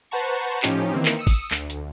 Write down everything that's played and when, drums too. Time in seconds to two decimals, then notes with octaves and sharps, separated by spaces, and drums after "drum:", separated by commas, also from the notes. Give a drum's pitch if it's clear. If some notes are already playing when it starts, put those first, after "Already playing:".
0.11 B4 C5 F#5 A5 A#5 C#6
0.63 A2 F3 C#4 D#4 G4, drum: clap
0.92 D#3 E3 A#3 C4
1.05 drum: clap
1.17 D#6 E6 C#7
1.27 drum: kick, open hi-hat
1.51 D2, drum: clap
1.70 drum: hi-hat